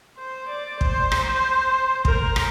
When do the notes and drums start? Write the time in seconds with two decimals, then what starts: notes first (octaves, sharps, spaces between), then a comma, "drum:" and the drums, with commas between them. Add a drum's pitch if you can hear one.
0.18 C5
0.50 D5
0.81 C5, drum: kick
1.12 drum: rim click
2.05 A#4, drum: kick
2.36 drum: rim click